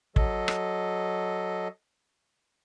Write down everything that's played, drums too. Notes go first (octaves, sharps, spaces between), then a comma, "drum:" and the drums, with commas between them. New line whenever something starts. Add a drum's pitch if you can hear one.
F#3 A4 D#5, drum: kick
drum: rim click